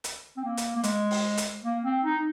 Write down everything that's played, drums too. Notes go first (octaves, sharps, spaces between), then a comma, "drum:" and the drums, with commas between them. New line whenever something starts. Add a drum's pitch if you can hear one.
drum: hi-hat
C4
A#3
drum: hi-hat
A#3
G#3, drum: hi-hat
drum: open hi-hat
drum: hi-hat
A#3
C4
D#4